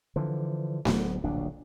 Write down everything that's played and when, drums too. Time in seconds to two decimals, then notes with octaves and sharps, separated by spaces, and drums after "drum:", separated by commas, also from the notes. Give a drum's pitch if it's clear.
0.16 D3 E3 F3
0.85 D1 D2 F#3 B3, drum: snare A3
1.24 D1 A#1 B2 D4